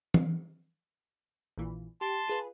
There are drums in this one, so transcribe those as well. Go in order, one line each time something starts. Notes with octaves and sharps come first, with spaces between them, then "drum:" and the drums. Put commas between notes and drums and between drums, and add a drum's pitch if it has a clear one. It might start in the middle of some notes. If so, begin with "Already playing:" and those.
drum: tom E3
A#1 A#2 E3
G4 A5 C6
F4 G#4 B4